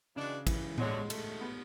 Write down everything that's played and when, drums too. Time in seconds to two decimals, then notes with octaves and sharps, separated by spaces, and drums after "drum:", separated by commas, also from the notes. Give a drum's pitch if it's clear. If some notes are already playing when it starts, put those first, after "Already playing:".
0.15 C#3 E3 G#3 D4 F#4
0.47 E3, drum: kick, cymbal
0.78 D3 F#3 G#3 C#4 F#4, drum: tom A2
1.10 A3, drum: cymbal
1.41 B3